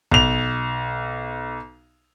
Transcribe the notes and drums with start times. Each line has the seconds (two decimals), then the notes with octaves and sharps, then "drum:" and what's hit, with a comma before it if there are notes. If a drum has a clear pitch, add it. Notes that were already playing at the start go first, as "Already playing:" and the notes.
0.11 B1 F7, drum: kick